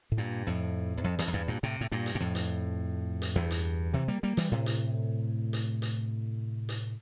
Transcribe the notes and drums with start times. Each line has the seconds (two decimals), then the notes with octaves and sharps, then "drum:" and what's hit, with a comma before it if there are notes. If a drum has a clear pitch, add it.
0.12 A2
0.17 G2 A#2
0.47 F2 A2
0.97 E2
1.04 F2
1.19 E2, drum: hi-hat
1.28 F2
1.33 E2 G2
1.48 G2 A#2
1.63 A2 C3
1.81 A2
1.92 G2 A#2
2.06 drum: hi-hat
2.15 A#2
2.20 F2 A2
2.35 drum: hi-hat
3.22 drum: hi-hat
3.35 E2 G2
3.51 drum: hi-hat
3.93 C3 E3
4.08 G3 A#3
4.23 G3 A#3
4.37 E3 G3, drum: hi-hat
4.51 A2 C3
4.66 drum: hi-hat
5.53 drum: hi-hat
5.82 drum: hi-hat
6.69 drum: hi-hat